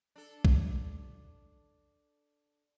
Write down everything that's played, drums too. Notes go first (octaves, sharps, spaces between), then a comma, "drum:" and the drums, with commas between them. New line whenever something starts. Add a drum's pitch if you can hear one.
D4 A4
drum: kick B1